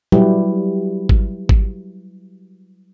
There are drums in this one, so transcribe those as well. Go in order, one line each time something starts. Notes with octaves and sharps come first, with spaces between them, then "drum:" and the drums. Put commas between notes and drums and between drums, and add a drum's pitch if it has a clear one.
F#3 G3 E4 G4 B4, drum: tom
drum: kick G#1
drum: kick G#1